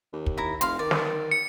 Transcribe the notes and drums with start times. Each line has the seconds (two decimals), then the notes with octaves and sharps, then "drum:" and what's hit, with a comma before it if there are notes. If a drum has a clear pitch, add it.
0.13 D#2
0.26 drum: kick
0.38 E4 A#5
0.61 F1 F5 C6, drum: hi-hat
0.79 D#3 D5
0.91 drum: snare
1.31 C#7